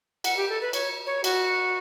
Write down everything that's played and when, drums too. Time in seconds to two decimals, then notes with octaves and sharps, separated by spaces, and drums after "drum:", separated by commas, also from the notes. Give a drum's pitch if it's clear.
0.24 F#5, drum: cymbal
0.37 G4
0.49 A4
0.61 B4
0.73 C#5, drum: cymbal
1.06 C#5
1.24 F#4, drum: cymbal